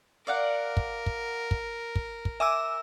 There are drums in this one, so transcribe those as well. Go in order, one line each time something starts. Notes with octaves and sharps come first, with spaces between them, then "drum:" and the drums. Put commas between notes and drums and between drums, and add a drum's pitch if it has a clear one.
A#4 D5 F5 F#5
drum: kick
drum: kick
drum: kick
drum: kick
drum: kick
E5 G#5 D6 E6